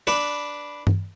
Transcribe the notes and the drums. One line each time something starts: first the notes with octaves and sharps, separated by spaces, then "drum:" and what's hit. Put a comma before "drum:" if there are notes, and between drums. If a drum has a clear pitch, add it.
D4 B4
drum: tom G2